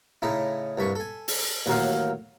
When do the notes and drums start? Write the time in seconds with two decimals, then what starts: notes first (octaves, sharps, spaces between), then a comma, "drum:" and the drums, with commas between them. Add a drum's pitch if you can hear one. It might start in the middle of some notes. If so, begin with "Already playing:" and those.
0.22 A2 C#3 D#4 E4
0.78 C2 G2 B5 C#6
0.95 A4 G#5
1.28 drum: open hi-hat
1.66 A1 D#2 F#3 A#3 A#4 F5